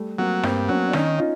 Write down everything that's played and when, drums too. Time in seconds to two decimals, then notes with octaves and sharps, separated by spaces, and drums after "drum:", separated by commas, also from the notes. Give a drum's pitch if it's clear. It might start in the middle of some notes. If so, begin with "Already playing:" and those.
Already playing: G3 A3
0.19 F#3 A#3 C4
0.43 G2 A#3 C4, drum: snare
0.69 F#3 B3 C#4
0.88 D4
0.93 D#3 C#4 D#4, drum: snare
1.18 D#4 F4